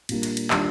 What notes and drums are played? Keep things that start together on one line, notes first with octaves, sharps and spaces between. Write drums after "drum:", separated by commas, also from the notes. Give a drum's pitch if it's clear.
A#2 G3 A#3 D4, drum: cymbal
drum: cymbal
drum: cymbal
D#3 G3 A#3 D4 F4, drum: clap